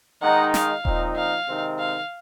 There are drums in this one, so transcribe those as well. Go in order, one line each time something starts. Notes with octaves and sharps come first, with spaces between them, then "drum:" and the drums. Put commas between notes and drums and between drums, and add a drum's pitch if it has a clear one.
D#3 G#3 D#4 F#5
F5, drum: snare
A#2 F3 C4 D#4, drum: kick D#1
F5
C3 D#3 G#3 C4 D#4
F5